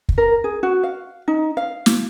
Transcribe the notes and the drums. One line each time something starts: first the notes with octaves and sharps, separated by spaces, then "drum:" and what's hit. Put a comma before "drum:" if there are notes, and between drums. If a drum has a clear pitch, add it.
drum: kick
A#4
G#4
F#4
F5
D#4
F5
drum: snare